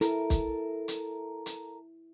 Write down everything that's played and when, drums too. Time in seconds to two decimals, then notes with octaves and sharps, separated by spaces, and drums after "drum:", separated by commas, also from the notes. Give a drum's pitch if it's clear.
0.01 E4 A4 A#4, drum: hi-hat
0.30 drum: kick, hi-hat
0.88 drum: hi-hat
1.46 drum: hi-hat